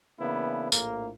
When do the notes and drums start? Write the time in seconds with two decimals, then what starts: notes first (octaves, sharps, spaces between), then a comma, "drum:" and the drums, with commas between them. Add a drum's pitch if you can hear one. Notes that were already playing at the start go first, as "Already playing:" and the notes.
0.19 C#3 E3 A#3 B3 D4 E4
0.72 A#1 A2 A#3, drum: tambourine